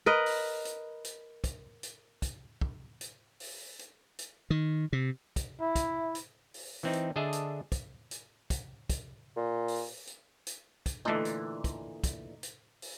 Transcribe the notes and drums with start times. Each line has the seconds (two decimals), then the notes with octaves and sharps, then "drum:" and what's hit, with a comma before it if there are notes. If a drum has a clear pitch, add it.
0.06 A#4 B4 D#5
0.26 drum: open hi-hat
0.65 drum: hi-hat
1.04 drum: hi-hat
1.44 drum: kick, hi-hat
1.83 drum: hi-hat
2.22 drum: kick, hi-hat
2.61 drum: kick
3.01 drum: hi-hat
3.40 drum: open hi-hat
3.79 drum: hi-hat
4.18 drum: hi-hat
4.50 D#3
4.93 C3
5.36 drum: kick, hi-hat
5.60 E4 E5
5.75 drum: kick, hi-hat
6.15 drum: hi-hat
6.54 drum: open hi-hat
6.83 E3 C4 D#4
6.93 drum: hi-hat
7.16 D3 D4 G#4 D#5 E5 A5
7.33 drum: hi-hat
7.72 drum: kick, hi-hat
8.11 drum: hi-hat
8.50 drum: kick, hi-hat
8.90 drum: kick, hi-hat
9.36 A#2
9.68 drum: open hi-hat
10.07 drum: hi-hat
10.47 drum: hi-hat
10.86 drum: kick, hi-hat
11.05 A#2 D3 E3 A3 D#4
11.25 drum: hi-hat
11.64 drum: kick, hi-hat
12.04 drum: kick, hi-hat
12.43 drum: hi-hat
12.82 drum: open hi-hat